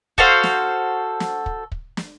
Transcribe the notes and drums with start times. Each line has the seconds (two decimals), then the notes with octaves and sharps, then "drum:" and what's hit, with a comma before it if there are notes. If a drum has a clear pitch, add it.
0.18 F#4 A4 C5 F5, drum: kick
0.43 drum: snare
1.20 drum: snare
1.46 drum: kick
1.72 drum: kick
1.97 drum: snare